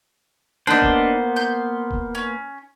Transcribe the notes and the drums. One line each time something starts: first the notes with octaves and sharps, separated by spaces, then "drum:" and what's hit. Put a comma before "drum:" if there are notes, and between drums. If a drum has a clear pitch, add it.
A#3 B3 D4 C5 D#5
drum: kick D#1
C6 G6
drum: kick D#1
C#4